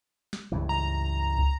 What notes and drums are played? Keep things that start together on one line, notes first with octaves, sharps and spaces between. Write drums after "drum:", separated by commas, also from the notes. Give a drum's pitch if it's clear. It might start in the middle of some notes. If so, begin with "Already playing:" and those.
drum: snare
C#2 G2 E3
A#5
drum: kick